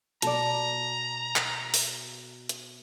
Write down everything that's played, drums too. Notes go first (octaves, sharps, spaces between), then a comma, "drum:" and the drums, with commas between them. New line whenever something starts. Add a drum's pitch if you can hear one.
B2 A4 D5 A#5, drum: hi-hat
drum: clap
drum: open hi-hat
drum: hi-hat